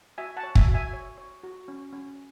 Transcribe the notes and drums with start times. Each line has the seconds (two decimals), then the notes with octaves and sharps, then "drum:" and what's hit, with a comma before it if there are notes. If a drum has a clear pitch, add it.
0.18 F#4 E5 G#5
0.37 F#5 A5
0.43 C#5
0.55 E5 G#5, drum: kick
0.68 F#4
0.74 E5 G#5
0.93 C#5
1.18 C#5
1.43 F#4
1.68 C#4
1.93 C#4